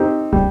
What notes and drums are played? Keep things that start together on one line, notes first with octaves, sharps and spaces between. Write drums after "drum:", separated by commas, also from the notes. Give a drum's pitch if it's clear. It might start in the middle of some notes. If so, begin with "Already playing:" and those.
Already playing: C4 D#4 G4
G3, drum: kick